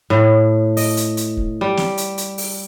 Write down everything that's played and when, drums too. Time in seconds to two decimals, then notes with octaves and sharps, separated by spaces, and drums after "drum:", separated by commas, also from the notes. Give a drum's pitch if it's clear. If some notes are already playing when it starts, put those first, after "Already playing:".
0.10 A2
0.77 D#5, drum: open hi-hat
0.97 drum: hi-hat
1.17 drum: hi-hat
1.37 drum: kick
1.61 G3
1.77 drum: snare
1.97 drum: hi-hat
2.18 drum: hi-hat
2.38 drum: open hi-hat